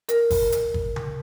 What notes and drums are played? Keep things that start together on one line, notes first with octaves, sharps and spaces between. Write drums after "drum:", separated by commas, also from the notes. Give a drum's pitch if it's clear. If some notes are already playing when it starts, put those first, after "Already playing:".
A#4, drum: hi-hat
drum: kick G1, open hi-hat
drum: hi-hat
drum: kick G1
drum: tom C#3